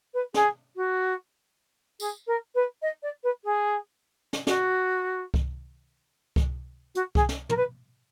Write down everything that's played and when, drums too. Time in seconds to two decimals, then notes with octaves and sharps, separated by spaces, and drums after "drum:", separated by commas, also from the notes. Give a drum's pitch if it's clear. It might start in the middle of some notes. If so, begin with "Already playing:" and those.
0.14 B4
0.34 G#4, drum: snare
0.76 F#4
2.00 G#4, drum: tambourine
2.27 A#4
2.55 B4
2.82 D#5
3.03 D5
3.23 B4
3.44 G#4
4.33 drum: snare
4.47 F#4, drum: snare
5.34 drum: kick C2
6.36 drum: kick C2
6.95 F#4, drum: hi-hat
7.15 G#4, drum: kick C2
7.29 drum: snare
7.49 A#4, drum: tom
7.57 B4